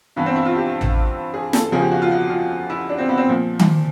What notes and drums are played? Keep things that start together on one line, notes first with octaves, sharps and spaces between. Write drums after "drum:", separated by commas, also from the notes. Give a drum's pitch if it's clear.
G2 E3 B3
C4
E4
F4
G4
drum: tom A1
G#4
A4, drum: snare
E2 C#3 F3 G#4
G4
F#4
F4
F#4
F4
E4
D4
C4
B3
C4
A#2 F3
drum: tom D#3